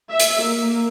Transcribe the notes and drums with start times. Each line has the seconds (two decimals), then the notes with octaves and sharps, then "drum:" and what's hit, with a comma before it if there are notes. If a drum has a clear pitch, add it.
0.10 E5
0.20 drum: hi-hat
0.41 A#3